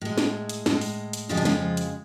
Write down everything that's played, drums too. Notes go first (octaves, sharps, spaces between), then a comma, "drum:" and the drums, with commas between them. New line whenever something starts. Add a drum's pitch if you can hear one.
A2 G#3
drum: snare
drum: hi-hat
A2 G#3, drum: snare
drum: open hi-hat
drum: hi-hat
F2 C#3 F3 G#3 F4
D4
F3 F4, drum: snare
drum: hi-hat